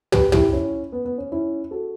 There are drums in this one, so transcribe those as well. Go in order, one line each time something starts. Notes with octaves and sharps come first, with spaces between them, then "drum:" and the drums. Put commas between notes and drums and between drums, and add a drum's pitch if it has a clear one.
G4 B4, drum: tom
E4 G4, drum: tom
C#4 E4
B3
B3
C#4
C#4 E4
F#4 A4